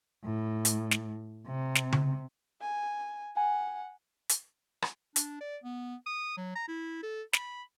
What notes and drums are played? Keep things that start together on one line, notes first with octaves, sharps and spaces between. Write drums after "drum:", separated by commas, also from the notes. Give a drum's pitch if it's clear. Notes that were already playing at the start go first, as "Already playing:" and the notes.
A2
drum: hi-hat
drum: snare
C3
drum: snare
drum: tom C#3
G#5
F#5 G#5
drum: hi-hat
drum: rim click
D4, drum: hi-hat
D5
B3
D#6
F#3
A#5
E4
A4
B5, drum: snare